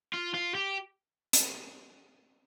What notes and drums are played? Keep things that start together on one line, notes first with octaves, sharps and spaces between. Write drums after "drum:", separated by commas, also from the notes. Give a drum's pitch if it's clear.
F4
F4
G4
drum: hi-hat